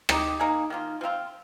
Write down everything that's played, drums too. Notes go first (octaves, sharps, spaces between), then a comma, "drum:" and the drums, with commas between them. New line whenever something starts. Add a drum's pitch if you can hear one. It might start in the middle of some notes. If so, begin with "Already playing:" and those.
G#3 D#4 G4, drum: rim click
A#3 D#4 G#4
D#3 A#3 F4
F3 C4 F4